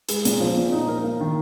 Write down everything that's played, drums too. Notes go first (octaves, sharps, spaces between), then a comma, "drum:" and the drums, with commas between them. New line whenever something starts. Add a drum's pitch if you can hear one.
G#3, drum: hi-hat
A#2, drum: hi-hat
F3
A#2
D#4
A#4
A#3
D#3